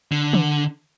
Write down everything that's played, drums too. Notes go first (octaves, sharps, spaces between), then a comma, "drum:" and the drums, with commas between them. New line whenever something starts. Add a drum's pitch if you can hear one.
D3
drum: tom